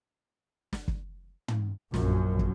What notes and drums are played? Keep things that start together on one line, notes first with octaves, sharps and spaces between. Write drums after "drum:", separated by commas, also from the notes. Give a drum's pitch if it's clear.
drum: snare
drum: kick
drum: tom
A#1 F#2, drum: snare
drum: kick